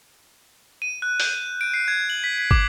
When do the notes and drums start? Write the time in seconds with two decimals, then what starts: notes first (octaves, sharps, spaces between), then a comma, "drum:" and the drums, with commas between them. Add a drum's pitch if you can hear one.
0.82 D#7
1.02 F#6
1.20 G6, drum: open hi-hat
1.61 D7
1.74 C7
1.88 G#6
2.10 F#7
2.24 B6
2.38 B6
2.51 D6, drum: kick